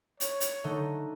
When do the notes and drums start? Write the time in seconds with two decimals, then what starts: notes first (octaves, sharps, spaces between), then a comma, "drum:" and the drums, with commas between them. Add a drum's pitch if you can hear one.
0.20 C#5, drum: hi-hat
0.40 drum: hi-hat
0.64 D3 A3 D#4